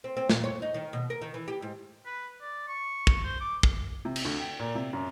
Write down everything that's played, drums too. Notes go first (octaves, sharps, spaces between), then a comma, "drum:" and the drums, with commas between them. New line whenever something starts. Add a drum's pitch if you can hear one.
C4
C4
A#2, drum: snare
C#5
D#4
D#3
B2
A#4
D#3
E3
G4
G#2
B4
D5
C#6
drum: kick
C5
D6
drum: kick
C3
drum: cymbal
D2
G5
A#2
C3
F#2